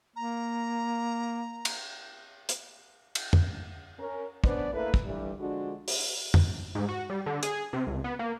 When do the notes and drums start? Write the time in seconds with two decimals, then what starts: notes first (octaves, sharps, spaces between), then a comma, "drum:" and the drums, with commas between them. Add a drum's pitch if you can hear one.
0.16 A#3 A#5
1.65 drum: cymbal
2.49 drum: hi-hat
3.15 drum: cymbal
3.33 drum: tom F2
3.99 C#4 A#4
4.44 B3 C#4 D4 B4 C5 D5, drum: kick
4.73 A3 A#3 E4 A4 B4
4.94 drum: kick
5.05 G2 D3 E3 G3
5.39 D3 F3 G#3 D4 F#4
5.88 drum: open hi-hat
6.34 drum: tom F2
6.75 G#2
6.88 F#4
7.10 G3
7.26 D3
7.43 G#4, drum: hi-hat
7.73 C3
7.87 C#2
8.04 B3
8.19 A#3